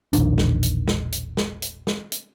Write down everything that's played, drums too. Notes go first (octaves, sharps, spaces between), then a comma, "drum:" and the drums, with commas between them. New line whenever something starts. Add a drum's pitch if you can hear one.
E1 A#1 D#3 D4, drum: hi-hat
drum: snare
drum: hi-hat
drum: snare
drum: hi-hat
drum: snare
drum: hi-hat
drum: snare
drum: hi-hat